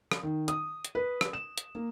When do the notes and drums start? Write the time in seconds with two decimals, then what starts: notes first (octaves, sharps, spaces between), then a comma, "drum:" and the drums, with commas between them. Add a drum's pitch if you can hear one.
0.12 drum: rim click
0.23 D#3
0.48 D#6, drum: hi-hat
0.85 drum: hi-hat
0.95 B4
1.21 drum: rim click
1.33 E7
1.58 drum: hi-hat
1.75 A#3